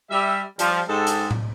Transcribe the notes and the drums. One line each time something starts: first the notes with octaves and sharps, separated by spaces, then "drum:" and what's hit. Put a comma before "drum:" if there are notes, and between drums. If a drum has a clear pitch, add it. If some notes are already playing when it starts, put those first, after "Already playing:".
G3 E5
F3 G3, drum: hi-hat
G#2 G#3 G4 A4
drum: hi-hat
drum: tom A2